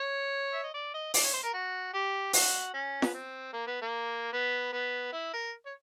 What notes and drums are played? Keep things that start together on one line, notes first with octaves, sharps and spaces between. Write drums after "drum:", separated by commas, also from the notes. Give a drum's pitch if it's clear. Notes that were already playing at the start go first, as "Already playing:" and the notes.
Already playing: C#5
E5
D#5
D5
D#5
D5, drum: open hi-hat
C#5
C5
A#4
F#4
G4
F#4, drum: open hi-hat
C#4
B3, drum: snare
C4
A#3
B3
A#3
B3
B3
E4
A#4
C#5